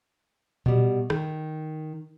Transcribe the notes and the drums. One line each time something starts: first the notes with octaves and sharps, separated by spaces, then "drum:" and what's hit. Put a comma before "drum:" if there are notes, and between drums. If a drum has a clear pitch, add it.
B2 G3, drum: tom A#2
D#3, drum: rim click